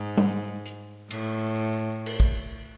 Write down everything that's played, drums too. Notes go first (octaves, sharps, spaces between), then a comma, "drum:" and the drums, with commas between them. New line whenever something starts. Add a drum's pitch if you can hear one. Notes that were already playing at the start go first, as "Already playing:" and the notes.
Already playing: G#2
drum: tom G3
drum: hi-hat
A2, drum: cymbal
drum: cymbal
drum: kick